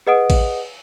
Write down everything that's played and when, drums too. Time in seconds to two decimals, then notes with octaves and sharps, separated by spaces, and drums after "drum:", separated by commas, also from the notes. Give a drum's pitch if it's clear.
0.07 G#4 B4 D#5 F#5 D#6 D7
0.30 drum: kick A1, cymbal